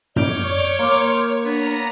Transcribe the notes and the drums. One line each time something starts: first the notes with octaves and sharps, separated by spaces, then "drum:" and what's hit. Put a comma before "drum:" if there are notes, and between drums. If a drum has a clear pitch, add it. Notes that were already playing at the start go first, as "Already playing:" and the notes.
C#5 D5 D6 F6 G6, drum: tom F#2
A#3 C6
B3 D4 A#5